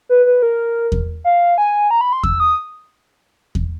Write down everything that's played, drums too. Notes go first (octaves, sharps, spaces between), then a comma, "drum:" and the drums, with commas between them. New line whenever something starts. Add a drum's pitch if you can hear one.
B4
B4
A#4
drum: kick E2
F5
G#5
A#5
B5
C6
E6, drum: kick E2
D#6
drum: kick E2